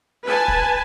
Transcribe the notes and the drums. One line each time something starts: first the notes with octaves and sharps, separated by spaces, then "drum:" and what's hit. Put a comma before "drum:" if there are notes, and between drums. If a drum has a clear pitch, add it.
B4 G#5 A5
drum: kick